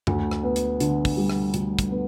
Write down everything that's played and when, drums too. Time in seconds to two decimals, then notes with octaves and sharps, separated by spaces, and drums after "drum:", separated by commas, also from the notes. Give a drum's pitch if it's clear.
0.07 D2, drum: tom F#2
0.31 drum: rim click
0.43 B3
0.56 drum: hi-hat
0.80 D3, drum: hi-hat
1.05 drum: kick, open hi-hat
1.17 G3
1.30 drum: rim click
1.54 D2, drum: hi-hat
1.79 drum: kick, hi-hat
1.91 B3